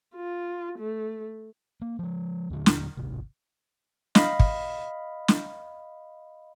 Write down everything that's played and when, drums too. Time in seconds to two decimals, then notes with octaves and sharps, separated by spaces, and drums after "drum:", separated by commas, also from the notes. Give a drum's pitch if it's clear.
0.15 F4
0.79 A3
1.82 A#3
1.99 F3 G#3
2.50 D#2 A#2 D3 F#3
2.66 drum: snare
2.97 D1 G#1 C3
4.15 D#5 F5 B5, drum: snare
4.40 drum: kick
5.28 drum: snare